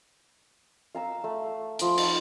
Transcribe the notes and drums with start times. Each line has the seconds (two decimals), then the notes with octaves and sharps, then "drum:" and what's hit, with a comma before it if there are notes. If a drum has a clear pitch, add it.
0.95 F5 A#5 E6
1.24 A3
1.79 F3 B5, drum: hi-hat
1.98 D#4, drum: cymbal